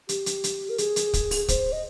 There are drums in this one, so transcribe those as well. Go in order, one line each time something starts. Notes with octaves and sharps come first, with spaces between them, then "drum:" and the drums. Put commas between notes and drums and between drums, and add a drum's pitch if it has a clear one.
G4, drum: hi-hat
drum: hi-hat
drum: hi-hat
A#4
G#4, drum: hi-hat
drum: hi-hat
drum: kick, hi-hat
drum: open hi-hat
C5, drum: kick, hi-hat
D#5